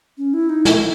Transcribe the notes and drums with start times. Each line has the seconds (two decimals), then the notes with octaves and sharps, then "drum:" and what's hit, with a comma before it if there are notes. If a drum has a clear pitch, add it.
0.18 C#4
0.34 E4
0.49 D#4
0.65 E4, drum: snare